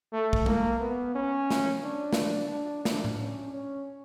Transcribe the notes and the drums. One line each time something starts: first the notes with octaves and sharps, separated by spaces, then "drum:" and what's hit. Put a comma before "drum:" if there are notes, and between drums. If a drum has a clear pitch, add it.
A3
drum: kick
A#3, drum: tom G#3
B3
C#4
drum: snare
D4
drum: snare
D4
D4, drum: snare
drum: tom A2
C#4
C#4